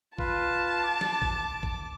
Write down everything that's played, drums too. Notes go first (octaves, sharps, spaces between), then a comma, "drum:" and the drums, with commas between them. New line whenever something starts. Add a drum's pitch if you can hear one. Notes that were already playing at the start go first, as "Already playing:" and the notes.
F4 B4 A5, drum: kick
D6
drum: snare
drum: kick
drum: kick